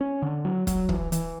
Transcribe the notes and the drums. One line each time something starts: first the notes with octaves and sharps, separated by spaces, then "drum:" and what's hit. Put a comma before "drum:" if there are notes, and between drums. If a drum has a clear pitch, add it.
C#4
D3
F#3
F#3, drum: kick, hi-hat
E3, drum: kick
E3, drum: hi-hat